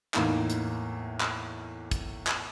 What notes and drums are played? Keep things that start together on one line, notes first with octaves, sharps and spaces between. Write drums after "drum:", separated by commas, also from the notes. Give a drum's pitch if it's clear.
E2 A2 A#3 D#4 E4, drum: clap
drum: hi-hat
drum: clap
drum: kick, hi-hat
drum: clap